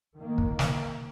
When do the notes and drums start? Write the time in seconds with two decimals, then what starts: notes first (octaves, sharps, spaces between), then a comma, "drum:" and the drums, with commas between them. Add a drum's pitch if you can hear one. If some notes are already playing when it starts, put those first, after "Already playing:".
0.16 D#3 A#3
0.38 drum: kick
0.59 drum: snare